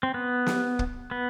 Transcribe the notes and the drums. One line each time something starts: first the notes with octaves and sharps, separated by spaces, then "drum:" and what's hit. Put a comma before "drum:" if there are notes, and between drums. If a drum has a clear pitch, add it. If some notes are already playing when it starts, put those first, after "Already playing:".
C4
B3
drum: snare
drum: kick
B3